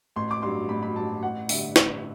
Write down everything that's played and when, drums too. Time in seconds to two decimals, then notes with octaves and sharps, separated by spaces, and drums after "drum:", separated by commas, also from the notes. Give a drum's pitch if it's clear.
0.16 A1 C6
0.31 D6
0.42 G2 F#3 C6
0.69 A1 B5
0.83 B5
0.96 G2 F#3 A5
1.22 A1 F#5
1.49 G2 D3 E5, drum: open hi-hat
1.76 A1, drum: snare